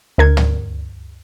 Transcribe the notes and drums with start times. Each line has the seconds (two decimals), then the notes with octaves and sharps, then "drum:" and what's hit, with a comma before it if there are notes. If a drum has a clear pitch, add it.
0.18 D2 A#4 G#6
0.37 drum: tom